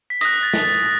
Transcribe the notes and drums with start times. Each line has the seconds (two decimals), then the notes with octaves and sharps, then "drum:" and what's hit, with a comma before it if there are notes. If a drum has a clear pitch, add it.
0.10 B6
0.21 D#6 F#6 A#6, drum: hi-hat
0.43 A6
0.54 drum: snare
0.64 A6